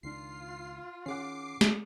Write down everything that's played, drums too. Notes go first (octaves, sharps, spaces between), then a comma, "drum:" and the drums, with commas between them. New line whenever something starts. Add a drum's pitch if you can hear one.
C#2 D#3 D4 F4 C7
D#3 C#4 G#4 F#5 D6 C7
drum: snare